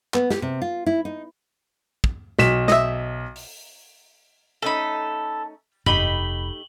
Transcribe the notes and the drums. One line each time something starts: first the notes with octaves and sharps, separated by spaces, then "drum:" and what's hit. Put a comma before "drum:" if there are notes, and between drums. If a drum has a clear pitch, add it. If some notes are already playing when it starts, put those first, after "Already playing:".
B3, drum: clap
G4, drum: snare
C3
F4
E4
D#4
drum: kick
B1 B6 E7, drum: snare
D#5 E5, drum: snare
drum: open hi-hat
A3 C#4 D#4 A4 B5
F1 A3 D#4 G4 B5 F#7 G7, drum: tom G2